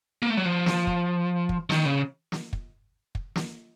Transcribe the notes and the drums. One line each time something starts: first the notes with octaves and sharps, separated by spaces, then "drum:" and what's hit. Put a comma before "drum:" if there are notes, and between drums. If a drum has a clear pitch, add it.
A#3
A3
F#3
F3
drum: snare
drum: kick
drum: kick
D#3, drum: snare
C#3
drum: snare
drum: kick
drum: kick
drum: snare